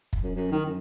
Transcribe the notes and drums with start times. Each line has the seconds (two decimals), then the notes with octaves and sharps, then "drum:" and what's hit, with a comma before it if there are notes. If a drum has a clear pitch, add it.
0.13 drum: kick
0.23 F#2
0.36 F#2
0.52 D#3
0.66 F#2